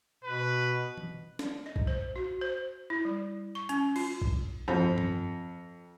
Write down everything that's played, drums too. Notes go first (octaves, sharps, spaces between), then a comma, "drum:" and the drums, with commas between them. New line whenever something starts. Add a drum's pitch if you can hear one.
B2 B4
drum: tom
drum: snare
D#5
drum: kick A#1
C5
F#4
C5
E4
G3
C#6
C#4, drum: hi-hat
F4, drum: cymbal
drum: kick A#1
F2
drum: tom G2